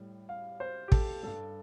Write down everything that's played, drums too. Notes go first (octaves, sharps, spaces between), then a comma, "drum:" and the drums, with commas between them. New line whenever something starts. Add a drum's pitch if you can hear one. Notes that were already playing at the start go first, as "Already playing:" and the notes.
Already playing: A2 G3
F5
C5
G4
A4, drum: kick
G2 G3 A4